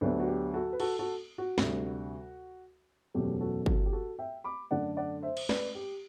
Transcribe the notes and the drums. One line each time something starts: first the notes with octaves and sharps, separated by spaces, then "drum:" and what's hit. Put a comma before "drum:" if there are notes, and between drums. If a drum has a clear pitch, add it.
D2 D3 F#3 B3 D4 G4
F#4
G4
F#4 A4
B4
F#4 A4, drum: cymbal
F#4 A4
F#4
D2 C3 G3, drum: snare
F#1 E2 B2 F#3 A3 G4
F#4 A4
F#4 A4, drum: kick G1
G4
F#4 A4
E5 G5
B5 D6
F#2 D3 A3 D4 D5 F#5
D5 F#5
C5 E5
drum: cymbal
B4 D5, drum: snare
G4